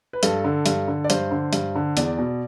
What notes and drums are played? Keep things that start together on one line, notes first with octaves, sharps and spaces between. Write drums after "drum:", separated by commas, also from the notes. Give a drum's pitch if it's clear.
B4
G2 A4, drum: hi-hat
D3
G2, drum: hi-hat
D3
D5
G2 C5, drum: hi-hat
D3
G2, drum: hi-hat
D3
E2 D5, drum: hi-hat
B2